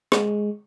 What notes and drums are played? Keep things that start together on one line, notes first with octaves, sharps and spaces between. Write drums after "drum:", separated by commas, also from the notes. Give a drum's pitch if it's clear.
G#3, drum: rim click